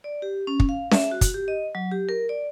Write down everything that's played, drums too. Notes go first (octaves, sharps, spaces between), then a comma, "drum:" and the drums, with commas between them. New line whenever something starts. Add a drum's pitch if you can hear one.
D5
G4
C#4
drum: kick
F5
E5, drum: snare C#4
F#4
drum: kick, hi-hat
G4
D#5
F#3
G4
A#4
D5